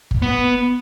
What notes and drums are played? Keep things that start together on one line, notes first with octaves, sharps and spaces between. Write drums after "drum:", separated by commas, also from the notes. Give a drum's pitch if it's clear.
drum: kick G1
B3